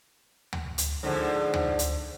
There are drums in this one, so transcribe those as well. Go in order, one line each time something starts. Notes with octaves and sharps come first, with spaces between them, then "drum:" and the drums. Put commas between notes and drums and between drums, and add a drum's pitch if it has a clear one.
drum: tom D2
drum: hi-hat
G#2 D3 F3
drum: tom D2
drum: hi-hat